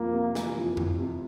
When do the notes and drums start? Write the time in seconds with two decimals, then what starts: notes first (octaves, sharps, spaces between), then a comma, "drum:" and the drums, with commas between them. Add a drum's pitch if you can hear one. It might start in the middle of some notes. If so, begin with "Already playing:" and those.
Already playing: F2 A#3
0.13 C3
0.35 E3, drum: snare
0.57 F2
0.77 C3, drum: tom F2
1.00 C3